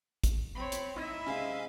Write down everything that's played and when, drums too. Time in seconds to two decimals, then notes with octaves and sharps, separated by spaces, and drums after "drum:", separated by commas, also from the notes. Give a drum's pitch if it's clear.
0.24 drum: kick, hi-hat
0.55 C4 C#5 B5
0.72 drum: hi-hat
0.96 D#4 E4 D#5 E5
1.27 C3 G#3 C#4 F5